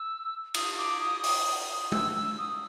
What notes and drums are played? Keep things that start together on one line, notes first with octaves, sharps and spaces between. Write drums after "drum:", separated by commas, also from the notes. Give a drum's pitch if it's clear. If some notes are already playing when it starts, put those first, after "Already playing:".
Already playing: E6
D#6, drum: cymbal
D6
D#6
D#6, drum: open hi-hat
E6, drum: tom
E6
D#6